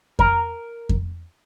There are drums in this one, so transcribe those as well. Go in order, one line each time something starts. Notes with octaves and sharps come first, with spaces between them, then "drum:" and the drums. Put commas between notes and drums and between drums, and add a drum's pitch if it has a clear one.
A#4, drum: kick F2
drum: kick F2